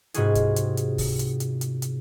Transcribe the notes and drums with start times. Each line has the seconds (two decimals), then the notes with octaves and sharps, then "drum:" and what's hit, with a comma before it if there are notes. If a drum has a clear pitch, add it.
0.14 G#2 C3 B3 F4 F#4 G#4, drum: hi-hat
0.35 drum: kick C#2, hi-hat
0.56 drum: hi-hat
0.77 drum: hi-hat
0.98 drum: kick C#2, open hi-hat
1.19 drum: hi-hat
1.40 drum: hi-hat
1.61 drum: hi-hat
1.82 drum: hi-hat